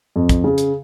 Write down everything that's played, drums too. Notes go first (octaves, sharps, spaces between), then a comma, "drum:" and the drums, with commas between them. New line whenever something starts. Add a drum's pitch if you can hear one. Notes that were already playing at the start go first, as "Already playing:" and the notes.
F2
drum: kick, hi-hat
C#3
drum: hi-hat